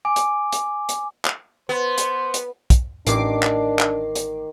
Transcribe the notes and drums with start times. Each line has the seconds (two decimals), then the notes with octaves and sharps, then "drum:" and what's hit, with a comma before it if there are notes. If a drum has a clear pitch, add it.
0.05 G#5 D6
0.16 drum: hi-hat
0.52 drum: hi-hat
0.89 drum: hi-hat
1.25 drum: clap
1.69 B3 C5
1.98 drum: hi-hat
2.34 drum: hi-hat
2.70 drum: kick, hi-hat
3.07 A1 D#3 D4 D6 C7, drum: hi-hat
3.43 drum: clap
3.79 drum: clap
4.15 drum: hi-hat